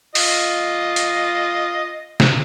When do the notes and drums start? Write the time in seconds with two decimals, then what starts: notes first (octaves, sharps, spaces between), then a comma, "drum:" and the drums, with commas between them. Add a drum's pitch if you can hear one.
0.15 F4 D#5, drum: open hi-hat
0.96 drum: hi-hat
2.20 drum: snare